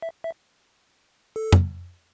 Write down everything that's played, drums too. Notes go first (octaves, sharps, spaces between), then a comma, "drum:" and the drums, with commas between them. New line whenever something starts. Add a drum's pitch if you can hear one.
E5
E5
A4
drum: tom F2